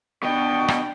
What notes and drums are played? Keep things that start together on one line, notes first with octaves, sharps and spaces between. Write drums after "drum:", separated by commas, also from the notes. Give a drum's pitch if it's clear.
B2 D4 G5
drum: rim click